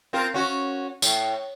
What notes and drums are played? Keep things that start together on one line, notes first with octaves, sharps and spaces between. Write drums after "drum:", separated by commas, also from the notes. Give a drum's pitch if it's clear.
C4 F4 A#4
C#4 F#4
A2, drum: tambourine